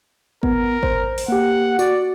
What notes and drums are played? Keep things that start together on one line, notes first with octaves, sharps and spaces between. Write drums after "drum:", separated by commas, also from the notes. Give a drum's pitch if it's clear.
B3 A#4, drum: kick G#1
C5, drum: kick G#1
drum: open hi-hat
A#3 G4 F#5
F#4 D5, drum: tambourine